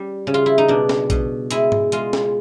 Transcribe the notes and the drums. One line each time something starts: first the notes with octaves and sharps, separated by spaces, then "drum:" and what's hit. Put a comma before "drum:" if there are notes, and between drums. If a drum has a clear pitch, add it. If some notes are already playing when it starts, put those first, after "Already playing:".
Already playing: G3 C#4
C#3
F4
E4
D#4
B2 D4
drum: snare
B2, drum: kick A#1, hi-hat
G#3 E4, drum: hi-hat
drum: tom G#2
G#3 F4, drum: hi-hat
drum: snare